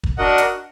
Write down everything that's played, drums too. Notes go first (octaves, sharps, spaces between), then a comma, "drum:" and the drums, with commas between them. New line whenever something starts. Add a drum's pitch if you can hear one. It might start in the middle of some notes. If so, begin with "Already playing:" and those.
drum: kick
D4 F#4 A#4 D#5 F#5
drum: hi-hat